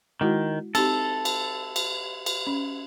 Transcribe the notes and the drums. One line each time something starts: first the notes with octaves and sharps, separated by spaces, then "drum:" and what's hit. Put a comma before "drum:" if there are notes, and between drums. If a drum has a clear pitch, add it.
D#3 G#3 E4 F#4
C4 D#4 G4 A4, drum: cymbal
drum: cymbal
drum: cymbal
drum: cymbal
C#4